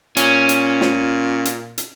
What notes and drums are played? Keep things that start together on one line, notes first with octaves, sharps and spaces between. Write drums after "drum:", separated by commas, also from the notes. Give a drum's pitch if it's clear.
A#2 C#4, drum: hi-hat
drum: hi-hat
drum: snare
drum: hi-hat
drum: hi-hat